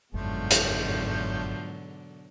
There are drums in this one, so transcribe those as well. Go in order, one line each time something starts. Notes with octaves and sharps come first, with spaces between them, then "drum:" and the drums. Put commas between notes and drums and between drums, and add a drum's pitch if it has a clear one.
G1 F2 G#2 B2 D3 F3 F#3 A3
drum: hi-hat